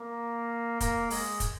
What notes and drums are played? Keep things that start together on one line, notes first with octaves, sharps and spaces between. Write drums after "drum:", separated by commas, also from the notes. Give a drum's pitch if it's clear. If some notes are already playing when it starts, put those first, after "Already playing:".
Already playing: A#3
A#3, drum: kick, hi-hat
G#3, drum: open hi-hat
drum: kick, hi-hat